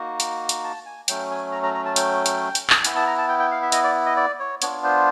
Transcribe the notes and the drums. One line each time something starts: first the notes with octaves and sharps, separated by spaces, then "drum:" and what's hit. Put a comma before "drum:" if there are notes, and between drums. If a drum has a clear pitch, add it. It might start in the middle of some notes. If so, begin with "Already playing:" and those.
Already playing: A#3 D#4 F#4
drum: hi-hat
drum: hi-hat
A5
G#5
F#3 A3 C#4 G5, drum: hi-hat
G#5
A#5
A#5
A#5
A5
G5, drum: hi-hat
drum: hi-hat
drum: hi-hat
drum: clap
B3 E4 G#5, drum: hi-hat
A5
A#5
A5
G5
G5
F5
E5
D#5, drum: hi-hat
D5
D#5
D5
C#5
B3 D4 F4 C#5, drum: hi-hat
C5